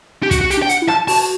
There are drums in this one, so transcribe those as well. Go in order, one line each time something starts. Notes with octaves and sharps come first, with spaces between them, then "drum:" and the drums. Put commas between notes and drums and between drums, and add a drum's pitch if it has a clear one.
G4
F#4, drum: kick, hi-hat
F#4
G4, drum: hi-hat
D4
G5
F#5, drum: hi-hat
E4
A5, drum: rim click
F#4 A5, drum: open hi-hat